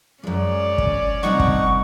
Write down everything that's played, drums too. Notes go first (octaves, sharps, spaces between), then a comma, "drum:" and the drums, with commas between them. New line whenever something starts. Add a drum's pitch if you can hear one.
F#2 G#3 C#4 D5
drum: kick
C3 G3 A3 D#4 F#5 C#6
drum: kick